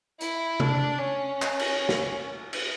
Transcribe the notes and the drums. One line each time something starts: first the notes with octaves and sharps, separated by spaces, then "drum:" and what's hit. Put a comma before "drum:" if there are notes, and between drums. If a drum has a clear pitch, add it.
E4, drum: hi-hat
D4, drum: tom C3
C#4
drum: clap
drum: cymbal
drum: snare
drum: cymbal